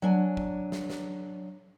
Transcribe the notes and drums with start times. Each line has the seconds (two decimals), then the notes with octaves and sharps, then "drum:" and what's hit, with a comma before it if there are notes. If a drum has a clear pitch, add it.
0.02 F#3 D4 G#5
0.37 drum: kick
0.72 drum: snare
0.90 drum: snare